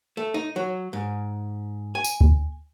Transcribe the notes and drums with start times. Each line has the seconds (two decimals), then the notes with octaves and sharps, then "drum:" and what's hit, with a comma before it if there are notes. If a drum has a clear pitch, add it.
0.17 A3
0.34 D#4
0.56 F#3
0.93 G#2
1.95 G#5
2.04 drum: tambourine
2.21 drum: kick D2